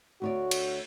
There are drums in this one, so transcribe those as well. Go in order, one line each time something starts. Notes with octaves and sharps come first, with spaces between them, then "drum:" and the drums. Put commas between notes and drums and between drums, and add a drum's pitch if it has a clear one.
D2 F#4 C#5 D5
drum: cymbal